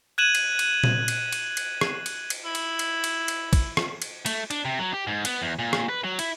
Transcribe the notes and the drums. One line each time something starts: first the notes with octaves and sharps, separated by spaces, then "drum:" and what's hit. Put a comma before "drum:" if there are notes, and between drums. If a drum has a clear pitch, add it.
F#6 G#6 D#7 E7 F#7
drum: cymbal
drum: cymbal
drum: tom A#2
drum: cymbal
drum: cymbal
drum: cymbal
drum: rim click
drum: cymbal
drum: cymbal
E4
drum: cymbal
drum: cymbal
drum: cymbal
drum: cymbal
drum: kick, cymbal
drum: rim click
drum: cymbal
A3, drum: cymbal
D4, drum: cymbal
C3
F#3
G4
G#2
B3, drum: cymbal
E2
A#2
drum: rim click
B4
F#3
E4, drum: cymbal